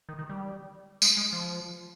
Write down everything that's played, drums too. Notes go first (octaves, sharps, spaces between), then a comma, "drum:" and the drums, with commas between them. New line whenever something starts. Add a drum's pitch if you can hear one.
D#3
D#3
G3
G#3, drum: tambourine
G#3
F3